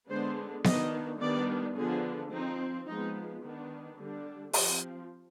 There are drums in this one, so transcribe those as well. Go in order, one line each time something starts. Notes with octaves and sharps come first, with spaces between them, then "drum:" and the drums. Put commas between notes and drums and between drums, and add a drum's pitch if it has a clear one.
D3 G#3 B3 D4 C5
D#3 B3 D4 D#5, drum: snare B3
D#3 G3 B3 D4 D5
D3 F3 B3 D4 G#4
F3 C4 D#4
F3 G#3 B3 D#4
D#3 B3 D4
D3 G3 D4
F3 C4 G4, drum: open hi-hat